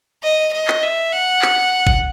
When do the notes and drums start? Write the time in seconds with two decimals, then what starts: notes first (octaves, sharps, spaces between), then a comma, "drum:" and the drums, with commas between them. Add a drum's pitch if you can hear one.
0.23 D#5
0.53 D#5
0.67 drum: clap
0.83 E5
1.13 F#5
1.42 drum: clap
1.87 drum: kick